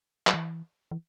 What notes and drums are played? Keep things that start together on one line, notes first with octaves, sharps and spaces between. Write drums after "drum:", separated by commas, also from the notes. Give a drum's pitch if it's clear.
F#3, drum: clap
E3
E3